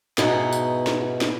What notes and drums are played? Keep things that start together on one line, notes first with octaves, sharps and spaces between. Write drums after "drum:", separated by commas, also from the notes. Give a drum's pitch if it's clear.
G#2 B2 B3 D#4 E4, drum: snare
drum: tambourine
drum: snare
drum: snare